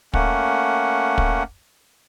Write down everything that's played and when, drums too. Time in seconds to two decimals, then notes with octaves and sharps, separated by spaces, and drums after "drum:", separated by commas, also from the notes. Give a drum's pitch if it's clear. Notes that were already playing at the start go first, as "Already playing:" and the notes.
0.14 A3 A#3 C#4 F#5, drum: kick
1.18 drum: kick